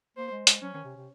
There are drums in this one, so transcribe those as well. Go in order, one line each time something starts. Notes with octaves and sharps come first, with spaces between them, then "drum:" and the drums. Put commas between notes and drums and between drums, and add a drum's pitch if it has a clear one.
A#3 C5
G#3
G#3, drum: hi-hat
F#3 C#4
D#3
C3
C3